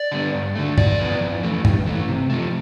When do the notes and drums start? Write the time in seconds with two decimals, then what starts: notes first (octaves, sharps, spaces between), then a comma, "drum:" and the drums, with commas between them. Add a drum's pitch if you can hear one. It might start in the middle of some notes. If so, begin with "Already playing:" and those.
Already playing: D5
0.12 D3 G3 B3
0.34 G2
0.55 D3 A3
0.78 G2 D5, drum: tom
0.99 F3 B3
1.20 F2
1.43 E3 A3
1.65 G2, drum: tom
1.86 E3 A3
2.09 C3
2.30 F3 A3